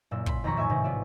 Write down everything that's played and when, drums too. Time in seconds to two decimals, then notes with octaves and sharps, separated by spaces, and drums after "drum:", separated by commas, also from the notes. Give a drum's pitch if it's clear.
0.11 F#1 A#2 E6
0.26 B5 C6, drum: kick
0.44 B1 F2 D#3 A#5 B5 C#6
0.57 A2 E5 G#5 G#6
0.70 A1 G#2 C3 D#3
0.84 B3 F4 C#5 D5 E5